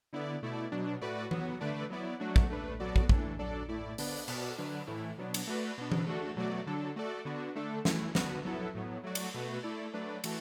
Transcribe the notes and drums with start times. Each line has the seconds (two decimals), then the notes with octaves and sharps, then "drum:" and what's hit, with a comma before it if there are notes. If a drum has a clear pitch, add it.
0.13 D3 B3 E4 D5
0.42 B2 A3 E4 D5
0.72 B2 F#3 D4
1.01 A2 A3 F#4 B4 D5
1.31 F#3 B3 F#4, drum: tom E3
1.60 D3 A3 D4 B4 D5
1.90 F#3 B3 E4 D5
2.20 F#3 A3 D4 F#4
2.36 drum: kick
2.50 A3 D4 B4
2.80 F#3 B3 F#4 A4 D5
2.96 drum: kick
3.09 A2 E3 D4 A4, drum: kick
3.39 F#3 D4 A4 D5
3.68 A2 A3 E4 D5
3.98 D3 B3 D4 B4 D5, drum: open hi-hat
4.28 B2 B3 F#4 A4 D5, drum: cymbal
4.58 D3 F#3 D4 B4
4.87 A2 E3 A3 E4
5.18 B2 F#3 B3 D4
5.34 drum: cymbal
5.47 A3 F#4 B4 D5
5.78 B2 B3 D4
5.92 drum: tom E3
6.06 A3 D4 F#4 A4
6.37 B2 F#3 A3 F#4 D5
6.67 D3 F#3 D4 A4
6.96 A3 F#4 A4 D5
7.25 D3 B3 D4 F#4
7.56 D3 A3 D4 A4
7.85 E3 A3 E4, drum: snare
8.15 D3 B3 F#4 B4, drum: snare
8.45 F#3 B3 E4 A4
8.75 A2 F#3 B3
9.04 F#3 A3 F#4 D5
9.15 drum: cymbal
9.34 B2 A3 F#4 B4
9.63 A3 E4 A4 D5
9.94 F#3 A3 D4 B4 D5
10.24 E3 A3 F#4 A4, drum: cymbal